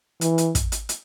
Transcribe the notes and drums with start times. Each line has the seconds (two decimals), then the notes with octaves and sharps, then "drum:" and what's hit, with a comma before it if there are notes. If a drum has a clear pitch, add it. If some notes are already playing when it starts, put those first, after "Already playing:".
0.21 E3, drum: hi-hat
0.38 drum: hi-hat
0.55 drum: kick, hi-hat
0.72 drum: hi-hat
0.89 drum: hi-hat